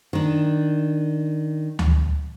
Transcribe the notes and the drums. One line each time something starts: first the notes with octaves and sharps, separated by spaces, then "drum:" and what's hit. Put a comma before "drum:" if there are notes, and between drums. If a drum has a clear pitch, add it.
D#3 D4
drum: tom D2